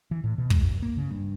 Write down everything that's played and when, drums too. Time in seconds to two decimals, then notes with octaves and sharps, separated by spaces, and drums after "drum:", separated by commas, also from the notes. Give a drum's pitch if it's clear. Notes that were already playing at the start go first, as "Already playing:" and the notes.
0.11 E3
0.24 A2
0.38 B2
0.50 G#3, drum: kick
0.63 F#2
0.82 A#3
0.97 C#3
1.11 G2